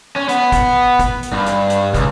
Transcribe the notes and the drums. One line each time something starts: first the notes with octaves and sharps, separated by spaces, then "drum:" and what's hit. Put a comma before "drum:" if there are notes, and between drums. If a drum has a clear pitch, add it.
C#4
B3, drum: hi-hat
drum: kick, hi-hat
drum: kick, hi-hat
drum: hi-hat
G2
drum: hi-hat
drum: hi-hat
C#2, drum: kick, hi-hat